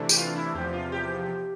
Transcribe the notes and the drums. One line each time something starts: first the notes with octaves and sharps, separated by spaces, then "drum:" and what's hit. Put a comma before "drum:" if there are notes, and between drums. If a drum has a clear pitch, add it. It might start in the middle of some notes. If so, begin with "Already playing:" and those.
Already playing: C3 E3 A3 D4
G4, drum: tambourine
F4
E4
E2 C3 F3 G4
F4
G4